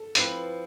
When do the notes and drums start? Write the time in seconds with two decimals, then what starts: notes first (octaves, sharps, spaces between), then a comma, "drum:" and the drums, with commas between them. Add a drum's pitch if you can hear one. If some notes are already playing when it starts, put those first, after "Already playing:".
Already playing: A4
0.15 F3 C4 E4 B4, drum: hi-hat